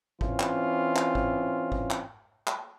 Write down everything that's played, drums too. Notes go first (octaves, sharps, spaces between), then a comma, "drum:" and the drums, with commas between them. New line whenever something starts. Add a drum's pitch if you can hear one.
E3 C4 C#4 F4, drum: kick G#1
drum: clap
drum: clap
drum: kick G#1
drum: kick G#1
drum: clap
drum: clap